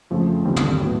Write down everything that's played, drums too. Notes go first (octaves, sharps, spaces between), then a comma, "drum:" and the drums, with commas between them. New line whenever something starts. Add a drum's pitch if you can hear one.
F2 C#3 F3 A3
D#2 D3 G3 C4
drum: tom
A2 F#3 B3